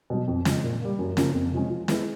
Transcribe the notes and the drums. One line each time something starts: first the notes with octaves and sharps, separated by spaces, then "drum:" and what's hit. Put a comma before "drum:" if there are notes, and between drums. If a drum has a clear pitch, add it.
B2 F#3
F2
C#3 F3 G#3, drum: snare
A#2
G3 A#3
F#2
C#3 F3 A#3 C#4, drum: snare
F2
C3 F3 G#3 C#4
F3
G#3 B3 E4 G#4, drum: snare